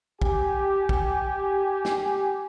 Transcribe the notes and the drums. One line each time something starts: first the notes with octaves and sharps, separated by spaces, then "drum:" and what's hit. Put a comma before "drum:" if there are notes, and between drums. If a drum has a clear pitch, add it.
G4 G#5, drum: kick
drum: kick
drum: snare